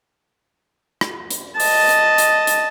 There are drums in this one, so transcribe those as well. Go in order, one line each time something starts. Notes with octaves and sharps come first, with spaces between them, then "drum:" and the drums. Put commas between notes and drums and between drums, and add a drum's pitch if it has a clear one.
drum: rim click
drum: hi-hat
D#5 A5, drum: open hi-hat
drum: hi-hat
drum: hi-hat
drum: hi-hat